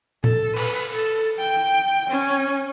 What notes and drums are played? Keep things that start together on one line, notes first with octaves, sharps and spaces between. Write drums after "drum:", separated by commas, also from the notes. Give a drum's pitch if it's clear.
A4, drum: tom A#2
B4, drum: cymbal
A4
G5
C#4